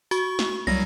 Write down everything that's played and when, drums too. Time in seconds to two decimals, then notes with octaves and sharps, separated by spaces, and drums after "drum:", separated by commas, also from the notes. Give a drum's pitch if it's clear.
0.11 F#4 C#6, drum: tambourine
0.39 drum: snare
0.67 C2 F#3 G3 A#6, drum: tom